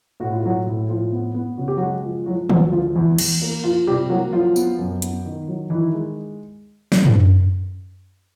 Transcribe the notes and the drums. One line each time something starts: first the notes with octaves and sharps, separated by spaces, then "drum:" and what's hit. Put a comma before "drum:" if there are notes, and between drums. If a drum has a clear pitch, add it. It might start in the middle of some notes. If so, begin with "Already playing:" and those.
A2 F#4
F4
A2 F#3 F#4
A2
A2 F3 F4
B3
B3
C#3 F#4
G4
F#3 G#3 F#4
F3
F3 F#3 F#4
D2 F#3 F#4, drum: tom D#3
F3 G#3 F4
E2 E3 E4
E2, drum: cymbal
A#3
F3 F4
C3 G3 G4
F#3 A#3 F#4
F3 F#3 F4
B3, drum: tambourine
F#2
B3, drum: hi-hat
D#3
F#3
D#3 E3 E4
G#3
drum: snare
drum: tom F#2